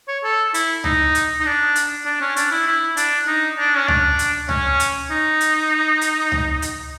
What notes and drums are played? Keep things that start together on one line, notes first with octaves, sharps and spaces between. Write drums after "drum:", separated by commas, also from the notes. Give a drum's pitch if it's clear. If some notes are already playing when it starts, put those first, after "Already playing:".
C#5
A4
E4, drum: hi-hat
D#4, drum: tom C#2
drum: hi-hat
D#4
D4
drum: hi-hat
D4
C#4
D4, drum: hi-hat
E4
E4
D4, drum: hi-hat
D#4
D4
C#4
D4, drum: tom C#2
drum: hi-hat
C#4, drum: tom C#2
drum: hi-hat
D#4
drum: hi-hat
drum: hi-hat
drum: tom C#2
drum: hi-hat